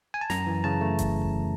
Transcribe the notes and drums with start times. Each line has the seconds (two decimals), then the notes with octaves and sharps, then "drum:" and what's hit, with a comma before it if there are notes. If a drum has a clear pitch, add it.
0.14 G#5
0.21 A5
0.30 F#2 A#5, drum: snare
0.47 E3
0.64 C#3 A5
0.81 A3
0.99 drum: kick E1, hi-hat
1.22 drum: kick E1